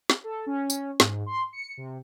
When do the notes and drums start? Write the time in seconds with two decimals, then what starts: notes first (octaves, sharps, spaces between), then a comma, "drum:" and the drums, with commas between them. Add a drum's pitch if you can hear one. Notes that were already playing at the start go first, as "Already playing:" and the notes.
0.10 drum: snare
0.24 A4
0.46 C#4
0.70 drum: tambourine
1.00 G#2, drum: snare
1.26 C6
1.53 C#7
1.77 C3